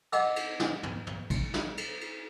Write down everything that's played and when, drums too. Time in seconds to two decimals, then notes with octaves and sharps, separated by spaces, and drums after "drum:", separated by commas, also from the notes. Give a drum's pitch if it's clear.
0.12 D#5 F#5 D6 E6, drum: cymbal
0.36 drum: cymbal
0.60 drum: snare
0.83 drum: tom
1.07 drum: tom
1.30 drum: kick, cymbal
1.54 drum: snare
1.77 drum: cymbal
2.01 drum: cymbal